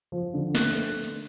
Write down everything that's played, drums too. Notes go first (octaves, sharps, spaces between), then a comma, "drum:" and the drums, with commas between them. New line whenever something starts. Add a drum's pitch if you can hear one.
F3
D3
A3 F#6, drum: snare
drum: hi-hat